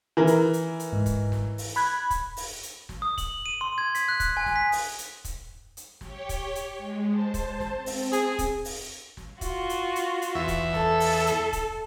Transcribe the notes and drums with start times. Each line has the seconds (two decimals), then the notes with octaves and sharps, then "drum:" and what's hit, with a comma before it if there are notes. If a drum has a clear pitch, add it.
0.17 E3 A#4
0.27 drum: hi-hat
0.53 drum: hi-hat
0.80 drum: hi-hat
0.93 G#2
1.06 drum: kick, hi-hat
1.32 drum: snare
1.58 drum: open hi-hat
1.76 B5 F#6 G#6
2.10 drum: kick, hi-hat
2.37 drum: open hi-hat
2.63 drum: hi-hat
2.89 drum: snare
3.02 D#6
3.18 F#7, drum: kick, hi-hat
3.46 D#7
3.61 C6
3.78 G#6
3.95 B6, drum: hi-hat
4.08 F#6
4.20 drum: kick, hi-hat
4.37 G#5
4.46 drum: snare
4.56 B6
4.72 drum: open hi-hat
4.98 drum: hi-hat
5.24 drum: kick, hi-hat
5.77 drum: hi-hat
6.01 G4 C#5 G5, drum: snare
6.29 drum: kick, hi-hat
6.55 drum: hi-hat
6.78 G#3
7.08 C5 A5
7.34 drum: kick, hi-hat
7.60 drum: snare
7.74 C4
7.86 drum: open hi-hat
8.12 G#4, drum: hi-hat
8.39 drum: kick, hi-hat
8.65 drum: open hi-hat
9.17 drum: snare
9.41 F4 F#4, drum: kick, hi-hat
9.69 drum: hi-hat
9.96 drum: hi-hat
10.22 drum: hi-hat
10.35 E2 E5
10.48 drum: kick, hi-hat
10.73 A4, drum: snare
11.00 drum: open hi-hat
11.26 drum: hi-hat
11.53 drum: kick, hi-hat